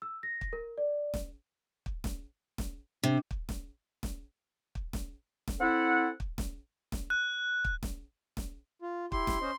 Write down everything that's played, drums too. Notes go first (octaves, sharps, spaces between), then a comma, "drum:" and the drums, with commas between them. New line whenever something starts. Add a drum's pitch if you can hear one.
E6
A#6
drum: kick
A#4
D5
drum: snare
drum: kick
drum: snare
drum: snare
C3 D4
drum: kick
drum: snare
drum: snare
drum: kick
drum: snare
drum: snare
C4 E4 A4 F#5
drum: kick
drum: snare
drum: snare
F#6
drum: kick
drum: snare
drum: snare
F4
E4 G4 C6, drum: kick
drum: snare
C#4 C5 D#5